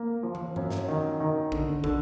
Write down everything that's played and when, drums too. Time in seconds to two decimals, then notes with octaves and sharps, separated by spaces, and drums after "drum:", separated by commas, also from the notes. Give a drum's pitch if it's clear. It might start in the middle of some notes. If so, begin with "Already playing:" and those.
Already playing: A#3
0.23 F3
0.35 drum: tom
0.56 F#2, drum: tom G2
0.70 drum: snare
0.88 D#3
1.20 D#3
1.52 D3, drum: kick
1.84 D3, drum: kick